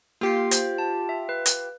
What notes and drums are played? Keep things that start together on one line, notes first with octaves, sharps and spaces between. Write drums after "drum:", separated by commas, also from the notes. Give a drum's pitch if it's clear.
A#3 F4 G4 C7
C5, drum: hi-hat
A5
E5
B4
drum: hi-hat